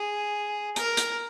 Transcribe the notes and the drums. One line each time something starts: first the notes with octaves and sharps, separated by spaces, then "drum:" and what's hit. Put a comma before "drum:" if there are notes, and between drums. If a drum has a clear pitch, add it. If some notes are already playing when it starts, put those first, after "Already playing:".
Already playing: G#4
A#4, drum: hi-hat
drum: hi-hat